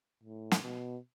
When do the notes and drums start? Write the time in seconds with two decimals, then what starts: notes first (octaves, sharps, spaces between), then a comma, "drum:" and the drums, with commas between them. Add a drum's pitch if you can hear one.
0.23 A2
0.51 drum: snare
0.62 B2